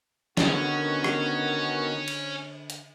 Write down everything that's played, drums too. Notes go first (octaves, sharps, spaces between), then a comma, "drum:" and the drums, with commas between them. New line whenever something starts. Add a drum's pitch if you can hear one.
D3 D#3 B3 C#4 F#4 G#4, drum: snare
drum: rim click
drum: cymbal
drum: hi-hat